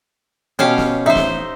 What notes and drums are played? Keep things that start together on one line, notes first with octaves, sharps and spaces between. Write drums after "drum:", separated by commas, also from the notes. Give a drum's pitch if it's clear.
B2 C#4 G4 F5
drum: snare
A1 D#4 C5 E5
drum: snare